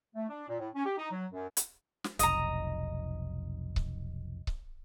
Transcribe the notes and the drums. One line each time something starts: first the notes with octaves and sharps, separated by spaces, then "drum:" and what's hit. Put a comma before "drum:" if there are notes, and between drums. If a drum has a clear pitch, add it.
A3
D4
A#2
A2
C#4
G4
D#4
F#3
F#2
drum: hi-hat
drum: snare
F1 B1 D#5 A#5, drum: hi-hat
drum: kick C#1
drum: kick C#1